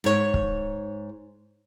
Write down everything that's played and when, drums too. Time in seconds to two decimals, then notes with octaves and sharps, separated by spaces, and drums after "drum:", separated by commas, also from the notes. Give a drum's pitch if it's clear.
0.04 G#2 C#5
0.34 drum: kick